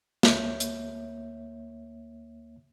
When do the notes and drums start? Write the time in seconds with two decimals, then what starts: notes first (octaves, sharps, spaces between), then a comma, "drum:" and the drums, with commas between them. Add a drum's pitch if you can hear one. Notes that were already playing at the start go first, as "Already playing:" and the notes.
0.23 D2 A#3 C#5 E5 G6, drum: snare
0.60 drum: hi-hat